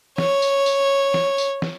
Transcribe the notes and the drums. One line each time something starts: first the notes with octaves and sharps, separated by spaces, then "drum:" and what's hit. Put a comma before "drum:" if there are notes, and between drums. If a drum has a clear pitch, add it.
C#5, drum: snare
drum: tambourine
drum: tambourine
drum: snare
drum: tambourine
drum: snare